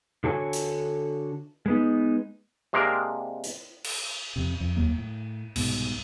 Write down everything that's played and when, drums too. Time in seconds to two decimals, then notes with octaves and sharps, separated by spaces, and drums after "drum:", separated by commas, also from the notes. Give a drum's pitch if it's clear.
0.24 D3 D4 F#4 A4 C#5 G#5
0.53 drum: hi-hat
1.66 G#3 B3 D#4
2.73 C3 G#3 A#3 C4 D4 A#4
3.44 drum: hi-hat
3.84 drum: cymbal
4.36 F2 C3
4.60 F2
4.77 F1 D#2 F#3 A#3
4.98 A2
5.56 C2 G#2 B2, drum: cymbal